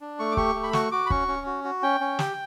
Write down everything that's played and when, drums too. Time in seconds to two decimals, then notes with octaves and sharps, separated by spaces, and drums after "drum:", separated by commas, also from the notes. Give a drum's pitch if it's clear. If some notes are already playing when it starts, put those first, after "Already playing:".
0.01 D4
0.19 A3 C#6
0.32 D6
0.37 G4 C#6, drum: kick
0.55 A3
0.63 B5
0.73 F#4 C#6, drum: snare
0.92 F#4 D6
1.06 B5
1.10 C#4 C#6, drum: kick
1.28 C#4
1.46 F#4
1.64 F#4
1.83 C#4 G5
2.00 C#4
2.19 G4, drum: snare